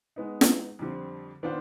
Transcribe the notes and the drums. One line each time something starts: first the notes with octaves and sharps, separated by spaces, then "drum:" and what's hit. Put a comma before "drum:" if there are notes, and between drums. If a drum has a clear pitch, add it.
G#3 B3 D#4
drum: snare
F2 D3 G3 C4
D#3 B3 D4 F4 C5